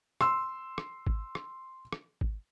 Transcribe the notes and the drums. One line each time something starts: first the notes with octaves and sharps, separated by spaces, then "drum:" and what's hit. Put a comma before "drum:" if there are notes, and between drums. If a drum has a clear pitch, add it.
C6 E6, drum: rim click
drum: rim click
drum: kick
drum: rim click
drum: rim click
drum: kick